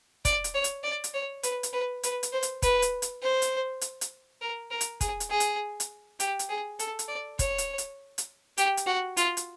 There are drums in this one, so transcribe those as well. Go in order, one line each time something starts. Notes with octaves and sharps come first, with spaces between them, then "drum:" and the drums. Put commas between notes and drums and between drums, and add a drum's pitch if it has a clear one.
D5, drum: kick, hi-hat
drum: hi-hat
C#5
drum: hi-hat
D5
drum: hi-hat
C#5
B4, drum: hi-hat
drum: hi-hat
B4
B4, drum: hi-hat
drum: hi-hat
C5
drum: hi-hat
B4, drum: kick, hi-hat
drum: hi-hat
drum: hi-hat
C5
drum: hi-hat
drum: hi-hat
drum: hi-hat
A#4
A#4
drum: hi-hat
G#4, drum: kick, hi-hat
drum: hi-hat
G#4
drum: hi-hat
drum: hi-hat
G4, drum: hi-hat
drum: hi-hat
G#4
A4, drum: hi-hat
drum: hi-hat
D5
C#5, drum: kick, hi-hat
drum: hi-hat
drum: hi-hat
drum: hi-hat
G4, drum: hi-hat
drum: hi-hat
F#4
F4, drum: hi-hat
drum: hi-hat